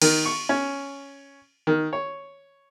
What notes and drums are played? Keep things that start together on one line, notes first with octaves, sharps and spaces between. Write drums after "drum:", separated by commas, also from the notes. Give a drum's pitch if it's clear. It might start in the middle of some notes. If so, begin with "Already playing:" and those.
D#3, drum: cymbal
C#6
C#4
D#3
C#5